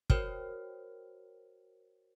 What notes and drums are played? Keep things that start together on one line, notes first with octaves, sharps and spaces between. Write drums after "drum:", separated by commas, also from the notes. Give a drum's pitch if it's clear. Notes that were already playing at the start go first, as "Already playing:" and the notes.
F#4 A#4 C5 C#5 G5 F6, drum: kick